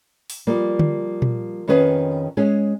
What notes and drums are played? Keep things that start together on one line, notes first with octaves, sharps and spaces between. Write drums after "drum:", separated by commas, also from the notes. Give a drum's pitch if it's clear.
drum: open hi-hat
F3 G3 A#3
drum: tom D3
drum: tom A#2
F2 D#3 C#4 G#4 B4 F5
G#3 C#4 G#4